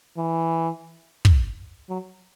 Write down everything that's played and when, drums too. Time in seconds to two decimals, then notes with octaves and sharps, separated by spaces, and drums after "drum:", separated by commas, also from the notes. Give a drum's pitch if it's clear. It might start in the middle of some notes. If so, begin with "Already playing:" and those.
0.17 E3
1.25 drum: kick
1.89 F#3